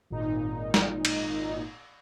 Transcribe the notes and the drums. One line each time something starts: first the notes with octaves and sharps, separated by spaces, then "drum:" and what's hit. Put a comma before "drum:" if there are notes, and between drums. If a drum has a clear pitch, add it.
G#1 A#2 D#4
drum: snare
drum: cymbal